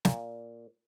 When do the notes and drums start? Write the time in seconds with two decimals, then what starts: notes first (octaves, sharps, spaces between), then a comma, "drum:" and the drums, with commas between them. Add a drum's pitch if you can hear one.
0.05 A#2, drum: snare